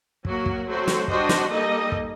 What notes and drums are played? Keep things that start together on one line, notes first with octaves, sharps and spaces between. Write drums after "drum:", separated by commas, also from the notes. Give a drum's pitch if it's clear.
F#3 A#3 F#4 A#4, drum: kick
drum: kick
F#3 A3 C4 F#4 C5
drum: snare
G3 D4 F#4 C5 D#5, drum: kick
drum: snare
G3 A#3 D#4 A4 D#5
drum: kick